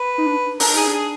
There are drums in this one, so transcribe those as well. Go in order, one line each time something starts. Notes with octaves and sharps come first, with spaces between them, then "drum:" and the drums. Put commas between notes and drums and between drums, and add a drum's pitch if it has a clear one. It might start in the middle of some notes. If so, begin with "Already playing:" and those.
Already playing: B4
D#4
D4
D4 A#4, drum: open hi-hat
D#4 G#4
D4
G#4